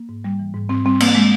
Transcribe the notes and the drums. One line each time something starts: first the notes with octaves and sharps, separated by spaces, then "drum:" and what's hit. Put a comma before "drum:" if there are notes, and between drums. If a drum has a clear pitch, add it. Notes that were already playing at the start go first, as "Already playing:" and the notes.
Already playing: A#3
G#2
G3
E3
G#2
G#2 C4
G3 C4
E3 A#3, drum: cymbal
G#3